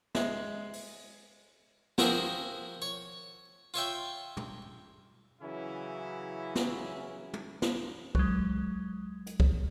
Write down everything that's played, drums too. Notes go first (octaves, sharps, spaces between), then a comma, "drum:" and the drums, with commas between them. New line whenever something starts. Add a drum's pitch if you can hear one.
G#3 E5, drum: snare
drum: open hi-hat
F3 E4 F#4 G#4 A#4 G5, drum: snare
C#5
F4 C#5 E5 G5
drum: tom
C#3 E3 F#3 C#4 E4
drum: snare
drum: tom
drum: snare
F#3 G#3, drum: kick
drum: hi-hat
drum: kick